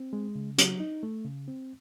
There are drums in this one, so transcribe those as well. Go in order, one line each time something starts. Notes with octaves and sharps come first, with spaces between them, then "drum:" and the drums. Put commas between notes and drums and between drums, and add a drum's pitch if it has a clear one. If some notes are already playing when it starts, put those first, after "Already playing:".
Already playing: C4
G#3
C#3
F#3, drum: hi-hat
D#4
A3
C#3
C4